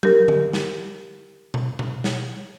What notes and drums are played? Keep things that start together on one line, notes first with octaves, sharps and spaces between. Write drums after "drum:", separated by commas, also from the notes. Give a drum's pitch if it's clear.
G4 A#4, drum: tom F#3
drum: tom D3
drum: snare
drum: tom B2
drum: tom B2
drum: snare